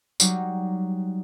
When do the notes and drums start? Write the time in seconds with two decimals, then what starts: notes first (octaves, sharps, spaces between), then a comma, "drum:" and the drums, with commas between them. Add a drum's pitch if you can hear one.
0.20 F#3 G3 D#4, drum: tambourine